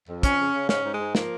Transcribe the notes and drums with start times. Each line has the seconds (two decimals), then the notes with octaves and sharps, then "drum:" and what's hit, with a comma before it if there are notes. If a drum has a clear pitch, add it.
0.09 F2
0.23 F2 C#4, drum: kick, hi-hat
0.40 C#3
0.54 C#3
0.69 G#2 C#4, drum: snare
0.84 G#2
0.93 G#3
1.00 G#2
1.15 F3 A#3, drum: snare